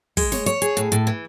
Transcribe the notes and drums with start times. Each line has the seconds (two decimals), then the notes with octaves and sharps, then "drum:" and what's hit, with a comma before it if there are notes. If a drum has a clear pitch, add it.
0.17 G#3, drum: kick, open hi-hat
0.32 C#5, drum: snare
0.46 C#5, drum: hi-hat
0.62 G#4, drum: hi-hat
0.77 A2, drum: hi-hat
0.92 A2, drum: hi-hat
1.07 E3